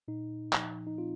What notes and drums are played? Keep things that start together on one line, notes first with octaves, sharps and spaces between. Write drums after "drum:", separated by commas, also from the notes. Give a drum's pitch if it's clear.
A#2 D#4
F3, drum: clap
D#4
C4 F4